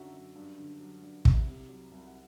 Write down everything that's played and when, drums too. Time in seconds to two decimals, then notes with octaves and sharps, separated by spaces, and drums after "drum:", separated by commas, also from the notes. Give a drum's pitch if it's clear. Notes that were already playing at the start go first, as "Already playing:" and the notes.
Already playing: F#2 D3 F#3 F#4 E5 F#5
0.13 F#2
0.35 G2
0.58 D3
0.80 F#3
1.02 G2
1.25 C2, drum: kick
1.47 C3
1.69 F#3
1.92 C2
2.06 F#5